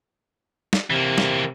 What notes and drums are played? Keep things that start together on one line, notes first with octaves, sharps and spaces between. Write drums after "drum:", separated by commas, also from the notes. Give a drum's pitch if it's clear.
drum: snare
C3 E3 A#3
drum: snare